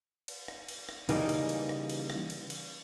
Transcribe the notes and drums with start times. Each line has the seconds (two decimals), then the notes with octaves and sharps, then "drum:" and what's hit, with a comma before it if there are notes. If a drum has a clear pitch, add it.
0.28 drum: cymbal
0.48 drum: rim click
0.68 drum: cymbal
0.89 drum: rim click
1.09 C#3 E3 G3 A#3 D#4, drum: cymbal
1.29 drum: cymbal
1.49 drum: cymbal
1.69 drum: rim click
1.89 drum: cymbal
2.10 drum: rim click
2.30 drum: cymbal
2.50 drum: cymbal